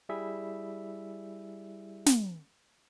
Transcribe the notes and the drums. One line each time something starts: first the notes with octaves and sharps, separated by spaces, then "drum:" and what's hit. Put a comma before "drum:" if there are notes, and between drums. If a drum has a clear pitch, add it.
G3 E4 G#4 E5
drum: snare